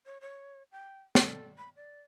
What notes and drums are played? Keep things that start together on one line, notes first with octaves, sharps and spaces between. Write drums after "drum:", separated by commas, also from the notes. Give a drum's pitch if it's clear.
C#5
C#5
G5
A4, drum: snare
B5
D5